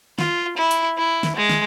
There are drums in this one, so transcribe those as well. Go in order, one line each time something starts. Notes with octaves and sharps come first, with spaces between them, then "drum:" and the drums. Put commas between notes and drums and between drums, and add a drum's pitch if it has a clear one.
F4, drum: snare
E4
drum: hi-hat
E4
drum: snare
G#3
drum: snare